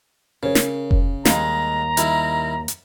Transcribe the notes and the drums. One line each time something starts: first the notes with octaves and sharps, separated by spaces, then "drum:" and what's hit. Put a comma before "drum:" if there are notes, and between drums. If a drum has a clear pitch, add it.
C#3 A#4 C#5
drum: snare
drum: kick F1
D#2 G3 G#3 F5 A#5, drum: snare
D#3 G3 E4, drum: hi-hat
drum: hi-hat